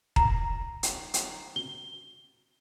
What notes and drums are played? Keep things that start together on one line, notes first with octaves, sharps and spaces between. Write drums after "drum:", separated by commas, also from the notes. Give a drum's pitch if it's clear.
A#5, drum: kick
drum: hi-hat
drum: hi-hat
G7